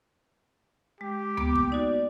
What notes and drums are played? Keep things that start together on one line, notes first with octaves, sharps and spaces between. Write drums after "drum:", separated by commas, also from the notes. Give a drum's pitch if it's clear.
G#3 G4
A#3 B3 D6, drum: tom D2
drum: kick
D#4 F#4 D5